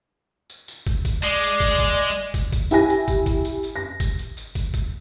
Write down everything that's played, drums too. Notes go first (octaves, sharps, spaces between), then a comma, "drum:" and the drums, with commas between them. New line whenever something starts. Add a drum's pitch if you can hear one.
drum: tambourine
drum: tambourine
drum: kick, tambourine
drum: kick, tambourine
G#3 D5, drum: tambourine
drum: tambourine
drum: kick, tambourine
drum: kick, tambourine
drum: tambourine
drum: kick, tambourine
drum: kick, tambourine
E4 G4 G#5 A#6, drum: tambourine
drum: tambourine
drum: kick, tambourine
drum: kick, tambourine
drum: tambourine
drum: tambourine
A#6
drum: kick, tambourine
drum: tambourine
drum: tambourine
drum: kick, tambourine
drum: kick, tambourine